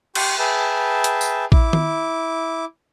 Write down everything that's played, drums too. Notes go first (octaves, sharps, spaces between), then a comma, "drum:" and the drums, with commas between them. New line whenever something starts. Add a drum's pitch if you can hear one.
G4 C6 C#6, drum: cymbal
G#4 B4 E5 G5 A5
drum: hi-hat
drum: tambourine
E4 D6, drum: kick
drum: tom D#3